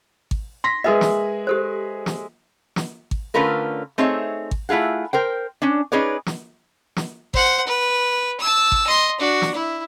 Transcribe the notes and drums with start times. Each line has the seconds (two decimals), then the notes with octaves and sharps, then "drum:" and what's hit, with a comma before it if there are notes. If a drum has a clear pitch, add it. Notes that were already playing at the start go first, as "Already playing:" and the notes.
0.31 drum: kick G#1
0.64 C6 A#6 B6
0.84 G#3 G#4 A#4 B4 D#5 E5
1.01 drum: snare
1.47 G4 A4 C5
2.06 drum: snare
2.76 drum: snare
3.11 drum: kick G#1
3.34 D3 A3 C#4 F4 A#4 B4
3.98 A3 C4 D#4 G#4 C#5 E5
4.51 drum: kick G#1
4.69 A3 E4 F4 G#4 F#5
5.13 A#4 C5 G5
5.62 C#4 D4
5.92 C#4 D#4 G#4 B4 C#5 D5
6.26 drum: snare
6.97 drum: snare
7.34 C5 F#5, drum: kick G#1
7.67 B4
8.40 A5 E6
8.72 drum: kick G#1
8.86 D#5 C6
9.20 D4 F#4
9.42 drum: snare
9.54 E4